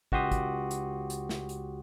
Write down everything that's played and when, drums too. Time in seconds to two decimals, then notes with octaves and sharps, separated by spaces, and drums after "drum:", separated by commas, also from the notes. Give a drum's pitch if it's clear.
0.12 C#2 F#4 G4 C6 D#6, drum: kick
0.31 drum: kick, hi-hat
0.71 drum: hi-hat
1.10 drum: hi-hat
1.29 drum: snare
1.49 drum: hi-hat